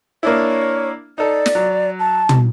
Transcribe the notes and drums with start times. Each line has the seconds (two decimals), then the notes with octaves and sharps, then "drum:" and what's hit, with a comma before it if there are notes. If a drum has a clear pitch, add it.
0.23 A#3 D4 E4 C#5
1.18 D#4 A4 D5
1.46 drum: snare
1.55 F#3
1.99 A5
2.29 drum: tom